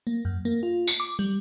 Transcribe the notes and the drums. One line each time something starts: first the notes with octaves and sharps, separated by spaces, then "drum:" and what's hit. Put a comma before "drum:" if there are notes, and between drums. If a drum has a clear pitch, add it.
A#3
F#2
A#3
F4
C#7, drum: tambourine
D6
G3